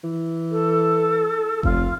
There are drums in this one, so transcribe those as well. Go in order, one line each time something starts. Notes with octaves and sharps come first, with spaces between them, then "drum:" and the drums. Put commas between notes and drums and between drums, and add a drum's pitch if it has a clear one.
E3
A4
F1 F4, drum: kick F#1